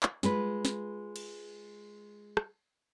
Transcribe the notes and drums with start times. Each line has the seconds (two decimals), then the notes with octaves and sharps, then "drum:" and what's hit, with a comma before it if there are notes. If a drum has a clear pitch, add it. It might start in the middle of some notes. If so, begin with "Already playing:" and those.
0.03 drum: clap
0.23 G#3 F4 B4, drum: snare
0.65 drum: snare
1.16 drum: cymbal
2.37 drum: rim click